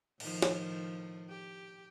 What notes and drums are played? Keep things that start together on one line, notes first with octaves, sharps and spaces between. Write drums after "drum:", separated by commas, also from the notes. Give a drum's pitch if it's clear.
A2 D#3 F3, drum: cymbal
drum: snare
G4